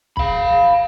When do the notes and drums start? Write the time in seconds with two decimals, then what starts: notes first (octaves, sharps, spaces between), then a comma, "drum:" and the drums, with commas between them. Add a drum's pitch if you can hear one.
0.17 F5 B5, drum: kick